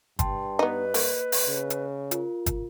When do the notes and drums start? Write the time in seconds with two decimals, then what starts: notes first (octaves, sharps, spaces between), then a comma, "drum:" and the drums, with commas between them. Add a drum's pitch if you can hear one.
0.19 G2 G5 A5 C6, drum: kick G1, hi-hat
0.59 B3 D#4 B4 D#5 C#6
0.94 A#3, drum: open hi-hat
1.32 drum: open hi-hat
1.47 C#3
1.70 drum: hi-hat
2.11 F4 A#4, drum: hi-hat
2.46 drum: kick G1, hi-hat